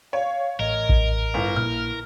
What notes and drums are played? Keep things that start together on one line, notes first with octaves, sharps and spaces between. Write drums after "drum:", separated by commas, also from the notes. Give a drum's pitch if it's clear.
C#5 F5
A1 A#4 D#5
drum: kick A1
G1 E4
A#1 A#2 F6